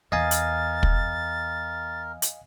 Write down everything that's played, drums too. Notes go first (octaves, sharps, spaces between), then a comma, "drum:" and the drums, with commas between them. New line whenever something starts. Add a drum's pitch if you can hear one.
E2 A#4 D#5 F5 G#5 A6
drum: hi-hat
drum: kick
drum: hi-hat